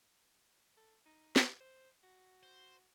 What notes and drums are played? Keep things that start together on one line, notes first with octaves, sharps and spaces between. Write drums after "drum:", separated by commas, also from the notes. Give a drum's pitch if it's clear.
A4
D#4
drum: snare
C5
F#4
C5